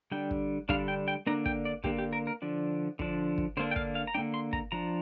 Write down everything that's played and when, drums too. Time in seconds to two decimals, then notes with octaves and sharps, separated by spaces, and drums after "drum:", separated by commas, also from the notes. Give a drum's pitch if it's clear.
0.11 D3 G3 D4 G5
0.31 drum: kick
0.69 D3 G3 D4 F5, drum: kick
0.88 G5
1.08 G5
1.27 D3 A#3 D4 A#5
1.46 G5, drum: kick
1.65 D5
1.84 D3 A#3 D4 G4, drum: kick
1.98 G4
2.13 A#4
2.27 A#4
2.42 D3 F3 D4
2.99 D3 F3 D4, drum: kick
3.38 drum: kick
3.57 D3 A#3 D4 C5
3.71 G5
3.76 F5, drum: kick
3.95 F5
4.07 A#5
4.14 D3 A#3 D4 G5
4.34 C6
4.53 A#5, drum: kick
4.72 F3 D4 A#5